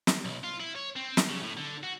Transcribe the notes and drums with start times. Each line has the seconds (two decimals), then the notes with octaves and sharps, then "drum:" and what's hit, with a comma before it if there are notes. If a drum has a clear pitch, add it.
0.07 drum: snare
0.25 B1
0.44 F4
0.60 E4
0.76 C#5
0.96 C4
1.17 drum: snare
1.29 C#3
1.43 A2
1.57 D3
1.84 F#4